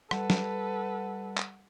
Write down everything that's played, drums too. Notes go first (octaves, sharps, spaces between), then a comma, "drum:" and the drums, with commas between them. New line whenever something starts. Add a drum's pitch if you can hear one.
G3 A4 B4 F#5, drum: rim click
drum: snare
drum: clap